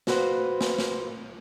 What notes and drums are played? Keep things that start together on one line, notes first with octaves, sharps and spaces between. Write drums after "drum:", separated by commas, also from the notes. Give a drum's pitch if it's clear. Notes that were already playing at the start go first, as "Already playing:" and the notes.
F4 F#4 B4 C5, drum: snare
drum: snare
drum: snare